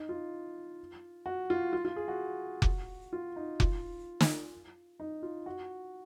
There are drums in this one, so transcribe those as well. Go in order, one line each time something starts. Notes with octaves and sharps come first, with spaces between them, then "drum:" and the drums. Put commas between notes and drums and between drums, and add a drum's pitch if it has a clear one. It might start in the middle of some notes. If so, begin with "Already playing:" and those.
Already playing: D#4
F4
F#4
F4
F4
F4
G#4
F#4
drum: kick F1
F4
D#4
F4, drum: kick F1
drum: snare
D#4
F4
F#4